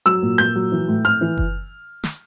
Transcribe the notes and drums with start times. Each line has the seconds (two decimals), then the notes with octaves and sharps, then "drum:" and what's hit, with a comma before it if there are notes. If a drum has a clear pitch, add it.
0.06 F#3 E6
0.22 A#2
0.38 A#2 G6
0.56 F#3
0.72 E3
0.88 A2
1.05 A2 F6
1.21 E3
1.38 drum: kick F#1
2.03 drum: snare